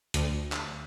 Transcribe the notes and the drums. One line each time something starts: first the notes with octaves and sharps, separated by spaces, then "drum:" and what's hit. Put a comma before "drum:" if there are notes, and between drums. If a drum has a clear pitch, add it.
D2, drum: hi-hat
drum: clap